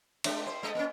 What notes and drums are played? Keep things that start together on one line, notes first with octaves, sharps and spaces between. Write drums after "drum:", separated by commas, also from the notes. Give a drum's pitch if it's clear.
G#3 C4 D4, drum: cymbal
C5
G#3 A4 D#5
A#3 C#4